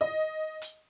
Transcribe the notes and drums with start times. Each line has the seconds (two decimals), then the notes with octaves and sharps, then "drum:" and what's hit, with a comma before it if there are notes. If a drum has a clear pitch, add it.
0.01 D#5
0.62 drum: hi-hat